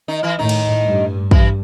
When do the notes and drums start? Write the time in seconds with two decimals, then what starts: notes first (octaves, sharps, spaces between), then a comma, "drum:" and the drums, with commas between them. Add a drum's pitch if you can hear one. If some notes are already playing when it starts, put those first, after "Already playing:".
0.08 D#3 D#4
0.23 E3 E4
0.39 A2 D#3 D#4
0.49 drum: cymbal
0.85 G2
1.31 G2 E3 E4, drum: kick